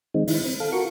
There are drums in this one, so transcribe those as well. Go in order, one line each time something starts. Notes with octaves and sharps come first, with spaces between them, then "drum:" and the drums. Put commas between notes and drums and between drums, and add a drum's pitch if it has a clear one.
D#3 G#3 C4 D#4
D#3 E4, drum: open hi-hat
C4
A4 F5
F4 F#4 A#4 C#6